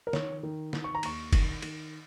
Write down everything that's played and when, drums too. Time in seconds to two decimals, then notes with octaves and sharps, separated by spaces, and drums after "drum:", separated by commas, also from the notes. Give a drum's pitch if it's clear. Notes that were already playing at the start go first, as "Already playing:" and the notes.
0.07 A#4
0.13 D#3 C#5, drum: snare
0.43 D#3
0.73 D#3, drum: snare
0.84 C#6
0.95 A#5
1.03 D#2 C#6, drum: cymbal
1.33 D#3, drum: kick, cymbal
1.62 D#3, drum: cymbal